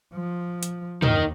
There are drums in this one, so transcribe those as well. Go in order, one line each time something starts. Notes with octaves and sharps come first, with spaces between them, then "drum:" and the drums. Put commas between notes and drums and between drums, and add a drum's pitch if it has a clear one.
F3
drum: hi-hat
D#2 D#4 A#4 D#5, drum: tom